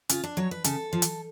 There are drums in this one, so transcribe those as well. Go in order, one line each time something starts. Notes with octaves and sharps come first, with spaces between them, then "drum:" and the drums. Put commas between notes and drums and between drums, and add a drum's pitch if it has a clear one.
C#3 F4, drum: hi-hat
D4
F#3 C#5
B4
C#3 A4, drum: hi-hat
F3
drum: hi-hat